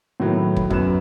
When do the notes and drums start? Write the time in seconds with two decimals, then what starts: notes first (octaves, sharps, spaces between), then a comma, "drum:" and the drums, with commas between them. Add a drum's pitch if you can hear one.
0.20 A2 D#3 F#3 B3
0.56 drum: kick
0.70 F#2 B4 E7, drum: kick